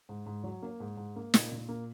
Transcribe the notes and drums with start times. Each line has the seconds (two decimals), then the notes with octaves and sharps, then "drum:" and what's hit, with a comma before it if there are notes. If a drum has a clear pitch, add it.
0.09 G#2
0.26 G#2
0.44 F#3
0.62 A#3
0.80 G#2
0.97 G#2
1.16 A#3
1.34 A#2, drum: snare
1.52 A#2
1.69 A#3